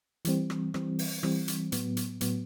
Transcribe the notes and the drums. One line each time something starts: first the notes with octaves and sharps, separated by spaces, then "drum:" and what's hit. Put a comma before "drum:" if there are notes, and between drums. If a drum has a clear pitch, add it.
E3 G3 C4, drum: hi-hat
drum: rim click
E3 G3 C4, drum: rim click
drum: open hi-hat
E3 G3 C4, drum: rim click
drum: hi-hat
A2 F#3 B3, drum: hi-hat
drum: hi-hat
A2 F#3 B3, drum: hi-hat